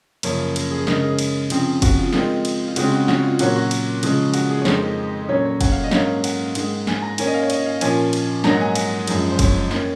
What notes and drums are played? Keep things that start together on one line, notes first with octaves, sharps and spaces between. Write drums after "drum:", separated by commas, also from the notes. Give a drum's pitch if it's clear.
F#2 C#3 F3 A#3 C#5, drum: cymbal
A#4, drum: cymbal
G#4
C#3 G#3 D#4 A#4, drum: snare
G#4
drum: cymbal
C#3 F3 C4, drum: cymbal
F#4, drum: kick, cymbal
F4
D#3 G#3 C4 D#4 F4, drum: snare
drum: cymbal
F4
C#3 G#3 C4 F#4, drum: cymbal
F#4
F#4, drum: snare
F4
A#2 F#3 C#4 F#4, drum: cymbal
F#4
drum: cymbal
C#3 F3 G#3, drum: cymbal
F#4, drum: cymbal
G#4
C#5
F2 D#3 G#3 D#4 C5, drum: snare
A#2 F#3 C#4 C#5
C#5
F#5, drum: kick, cymbal
F5
D#5
G#2 F#3 A#3 C#4 F5, drum: snare
F#5, drum: cymbal
G#2 D#3 G#3, drum: cymbal
G#5, drum: snare
A#5
D#3 A#3 C#4 G#5, drum: cymbal
D#5
F5
C#5
D#5, drum: cymbal
F5
A#2 F3 A#3 C#4 G#5, drum: cymbal
drum: cymbal
G#2 D#3 F#3 A#3 D#4 A#5, drum: snare
F#5
G#5
F#5, drum: cymbal
F#2 F3 G#3, drum: cymbal
C5
C#5, drum: kick, cymbal
D#3 A#3 C#4, drum: snare